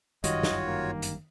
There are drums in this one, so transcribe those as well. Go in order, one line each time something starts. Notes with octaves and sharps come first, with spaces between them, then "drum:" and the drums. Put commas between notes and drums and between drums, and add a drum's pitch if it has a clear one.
G1 F#2 D#3 G3 F4 F#4 C#5 D#5, drum: hi-hat
drum: snare
A#3
drum: hi-hat